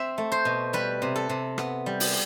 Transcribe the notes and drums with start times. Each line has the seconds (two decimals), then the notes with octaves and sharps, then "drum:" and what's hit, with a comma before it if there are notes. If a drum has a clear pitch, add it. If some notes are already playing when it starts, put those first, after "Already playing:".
Already playing: C4 E5
0.18 A3
0.32 C5
0.45 B2
0.73 G3 B4
1.02 C3
1.16 A4
1.29 C3
1.58 B3, drum: rim click
1.86 G3
2.00 drum: open hi-hat